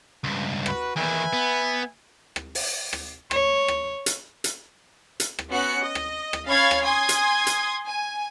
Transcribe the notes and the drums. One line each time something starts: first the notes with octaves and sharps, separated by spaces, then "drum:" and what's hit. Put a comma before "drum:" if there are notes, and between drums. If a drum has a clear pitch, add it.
C#2 G2
F#4 B4, drum: rim click
E2 D#3 B4 E5 G#5
B3
drum: rim click
drum: open hi-hat
drum: rim click
C#5, drum: rim click
drum: rim click
drum: hi-hat
drum: hi-hat
drum: hi-hat
drum: rim click
B3 C#4 F#4 F#6 C#7
D#5
drum: rim click
drum: rim click
C#4 C#5 F5 B5 G#6 A6
drum: rim click
G#5 C6 D#6 G#6
drum: hi-hat
drum: hi-hat
G#5